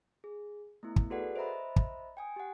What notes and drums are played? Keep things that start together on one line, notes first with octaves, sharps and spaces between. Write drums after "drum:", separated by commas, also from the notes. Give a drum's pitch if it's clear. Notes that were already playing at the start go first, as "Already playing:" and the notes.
G#4
A3 B3 E4
drum: kick
F#4 G#4 A4 B4 D5 F#5
C5 D#5 E5 A#5 B5
drum: kick
G5 G#5 D#6
G4 F#5